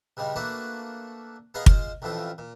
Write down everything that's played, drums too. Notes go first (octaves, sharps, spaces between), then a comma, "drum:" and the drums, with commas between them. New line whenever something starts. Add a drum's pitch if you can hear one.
G2 C#3 G3 G#3
A3 A#3 D4 F#4 B4
B3 G#4 A#4 D#5 F5 G#5
G#3 F4 C5, drum: kick
A1 F2 A2 E3 F3 F4
A#2